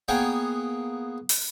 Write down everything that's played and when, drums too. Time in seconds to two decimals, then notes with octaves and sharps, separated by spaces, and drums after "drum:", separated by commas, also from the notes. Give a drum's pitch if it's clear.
0.08 A#3 B3 G#4 C#5 G5
1.29 drum: open hi-hat